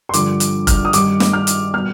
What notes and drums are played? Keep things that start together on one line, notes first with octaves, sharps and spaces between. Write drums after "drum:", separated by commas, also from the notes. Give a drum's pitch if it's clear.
C6
G2 D3 F3 D6, drum: hi-hat
drum: hi-hat
F6, drum: kick F1, hi-hat
D#6
G2 D#3 G3 D6, drum: hi-hat
drum: snare
F6
drum: hi-hat
B2 G3 F6